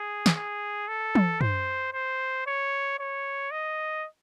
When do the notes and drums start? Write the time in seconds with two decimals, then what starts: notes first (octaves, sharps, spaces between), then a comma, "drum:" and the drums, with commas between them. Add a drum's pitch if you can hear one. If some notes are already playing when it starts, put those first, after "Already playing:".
Already playing: G#4
0.26 drum: snare
0.36 G#4
0.88 A4
1.15 drum: tom
1.41 C5, drum: tom
1.93 C5
2.47 C#5
2.99 C#5
3.51 D#5